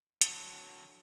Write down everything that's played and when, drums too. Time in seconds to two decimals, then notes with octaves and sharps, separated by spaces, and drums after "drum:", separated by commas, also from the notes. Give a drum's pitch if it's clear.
0.21 D3 F#3, drum: hi-hat